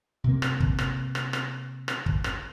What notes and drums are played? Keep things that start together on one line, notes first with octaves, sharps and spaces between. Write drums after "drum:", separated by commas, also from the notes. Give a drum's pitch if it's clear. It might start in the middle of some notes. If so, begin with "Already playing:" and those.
C3 A#3
drum: rim click
drum: kick
drum: rim click
drum: rim click
drum: rim click
drum: rim click
drum: kick
drum: rim click